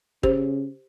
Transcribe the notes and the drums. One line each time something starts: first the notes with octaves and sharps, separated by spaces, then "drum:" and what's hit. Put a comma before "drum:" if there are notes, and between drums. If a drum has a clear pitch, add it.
C#3 G4 C5, drum: kick